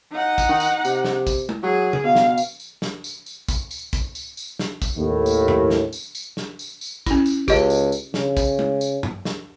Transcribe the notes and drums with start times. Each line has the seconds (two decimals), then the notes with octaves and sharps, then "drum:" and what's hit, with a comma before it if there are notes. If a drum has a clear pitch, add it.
0.12 D#4 F#5
0.38 drum: kick A1, tambourine
0.49 D#3
0.60 drum: tambourine
0.85 C3, drum: tambourine
1.04 drum: snare
1.27 drum: kick A1, tambourine
1.49 drum: tom G#3
1.63 F#3 G#4
1.93 drum: tom
2.04 B2 F5
2.15 drum: snare
2.38 drum: tambourine
2.60 drum: tambourine
2.82 drum: snare
3.04 drum: tambourine
3.26 drum: tambourine
3.49 drum: kick A1, tambourine
3.71 drum: tambourine
3.93 drum: kick A1, tambourine
4.15 drum: tambourine
4.37 drum: tambourine
4.59 drum: snare
4.82 drum: kick A1, tambourine
4.97 D#2 A2
5.26 drum: tambourine
5.48 drum: tom G2
5.70 drum: snare
5.93 drum: tambourine
6.15 drum: tambourine
6.37 drum: snare
6.59 drum: tambourine
6.81 drum: tambourine
7.06 C#4 E4, drum: kick A1, tambourine
7.26 drum: tambourine
7.48 C#2 G4 D#5, drum: kick A1, tambourine
7.70 drum: tambourine
7.92 drum: tambourine
8.14 C#3, drum: snare
8.37 drum: kick A1, tambourine
8.59 drum: tom G#3
8.81 drum: tambourine
9.03 drum: tom G2
9.25 drum: snare